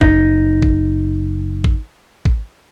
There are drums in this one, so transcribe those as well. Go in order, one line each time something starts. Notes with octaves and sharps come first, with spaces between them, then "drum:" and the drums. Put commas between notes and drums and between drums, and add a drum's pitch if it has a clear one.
F#1 D#4, drum: kick
drum: kick
drum: kick
drum: kick